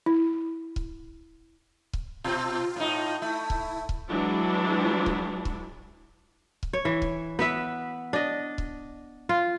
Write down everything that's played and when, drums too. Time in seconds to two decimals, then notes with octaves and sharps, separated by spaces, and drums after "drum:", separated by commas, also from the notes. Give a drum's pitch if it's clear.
0.06 E4
0.76 drum: kick C#1
1.93 drum: kick C#1
2.24 B2 C4 F4
2.76 A2 D#4
3.22 A3 E4
3.50 drum: kick C#1
3.89 drum: kick C#1
4.08 E3 F#3 G#3 D4 E4
5.06 drum: kick C#1
5.45 drum: kick C#1
6.63 drum: kick C#1
6.73 C#5
6.85 E3
7.02 drum: kick C#1
7.39 B3 B4 E5
8.13 D4 D#5
8.58 drum: kick C#1
9.29 F4